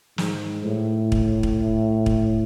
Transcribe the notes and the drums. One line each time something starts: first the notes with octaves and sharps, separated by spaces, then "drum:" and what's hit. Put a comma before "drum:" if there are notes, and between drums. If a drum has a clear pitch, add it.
G#2, drum: snare
A2
drum: kick
drum: kick
drum: kick